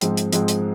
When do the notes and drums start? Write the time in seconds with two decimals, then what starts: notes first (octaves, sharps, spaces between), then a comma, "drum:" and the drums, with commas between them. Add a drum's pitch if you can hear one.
0.01 G#2 F3 G#3 C4, drum: hi-hat
0.17 drum: hi-hat
0.32 G#2 F3 G#3 C4, drum: hi-hat
0.48 drum: hi-hat